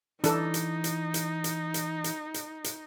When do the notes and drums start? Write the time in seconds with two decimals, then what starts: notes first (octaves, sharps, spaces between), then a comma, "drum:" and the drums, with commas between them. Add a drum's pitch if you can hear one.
0.24 E3 D4 D#4 A4, drum: hi-hat
0.54 drum: hi-hat
0.84 drum: hi-hat
1.14 drum: hi-hat
1.44 drum: hi-hat
1.74 drum: hi-hat
2.04 drum: hi-hat
2.34 drum: hi-hat
2.64 drum: hi-hat